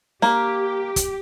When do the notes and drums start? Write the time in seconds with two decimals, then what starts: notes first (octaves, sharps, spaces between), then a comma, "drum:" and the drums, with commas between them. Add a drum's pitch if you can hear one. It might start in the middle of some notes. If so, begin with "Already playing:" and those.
0.22 A#3 G4, drum: snare
0.96 drum: kick, hi-hat